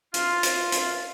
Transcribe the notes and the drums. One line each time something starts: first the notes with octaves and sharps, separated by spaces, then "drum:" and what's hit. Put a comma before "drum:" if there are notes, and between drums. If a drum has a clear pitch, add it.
F4, drum: hi-hat
drum: hi-hat
drum: hi-hat